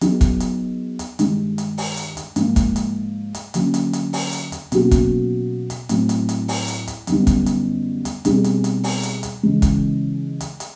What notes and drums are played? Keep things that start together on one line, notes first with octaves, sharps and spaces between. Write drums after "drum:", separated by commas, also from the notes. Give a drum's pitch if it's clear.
F#3 B3 D#4 G#4, drum: hi-hat
drum: kick, hi-hat
drum: hi-hat
drum: hi-hat
G2 D#3 G#3, drum: hi-hat
drum: hi-hat
drum: open hi-hat
drum: hi-hat
drum: hi-hat
G#2 F3 A#3, drum: hi-hat
drum: kick, hi-hat
drum: hi-hat
drum: hi-hat
D3 F#3 A#3 C#4, drum: hi-hat
drum: hi-hat
drum: hi-hat
drum: open hi-hat
drum: hi-hat
drum: hi-hat
B2 F#3 A#3 C#4 F#4, drum: hi-hat
drum: kick, hi-hat
drum: hi-hat
A2 F#3 A3 C4, drum: hi-hat
drum: hi-hat
drum: hi-hat
drum: open hi-hat
drum: hi-hat
drum: hi-hat
F#2 D3 G3 B3 D#4, drum: hi-hat
drum: kick, hi-hat
drum: hi-hat
drum: hi-hat
B2 G3 C4 D#4 G#4, drum: hi-hat
drum: hi-hat
drum: hi-hat
drum: open hi-hat
drum: hi-hat
drum: hi-hat
C#3 E3 G#3 C#4
drum: kick, hi-hat
drum: hi-hat
drum: hi-hat